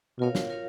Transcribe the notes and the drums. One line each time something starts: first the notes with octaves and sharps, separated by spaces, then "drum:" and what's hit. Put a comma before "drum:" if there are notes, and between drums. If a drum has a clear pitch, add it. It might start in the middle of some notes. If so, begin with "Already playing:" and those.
B2 F4 A#4 C#5 F5
drum: snare
F4 A#4 C#5 F5